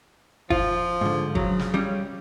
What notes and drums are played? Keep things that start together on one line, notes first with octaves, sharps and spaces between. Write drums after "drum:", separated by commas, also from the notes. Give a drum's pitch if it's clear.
F3 F4, drum: kick
G#2 D3
C#3 F#3, drum: kick
drum: snare
G3 C#4